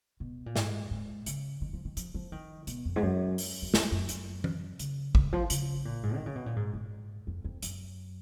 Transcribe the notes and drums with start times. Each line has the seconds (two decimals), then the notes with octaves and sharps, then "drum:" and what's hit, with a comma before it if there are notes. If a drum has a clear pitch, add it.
0.20 B2
0.46 A#2
0.56 G#2, drum: snare
0.91 G#2
1.26 C#3, drum: hi-hat
1.62 D#3
1.73 F3
1.85 D#3
1.97 F3, drum: hi-hat
2.14 F3
2.32 D#3
2.67 B2, drum: hi-hat
2.85 F2
2.96 G#2
3.03 F#2
3.38 drum: open hi-hat
3.62 F2
3.74 F#2, drum: snare
3.91 F#2
4.09 drum: hi-hat
4.44 drum: tom E3
4.79 C#3, drum: hi-hat
5.15 C#3, drum: kick A1
5.23 D#3
5.33 F3
5.50 C#3, drum: hi-hat
5.85 A#2
6.03 G#2
6.15 D#3
6.26 C#3
6.35 B2
6.46 A#2
6.56 G#2
6.74 G#2
7.27 F2
7.44 F2
7.62 F#2, drum: hi-hat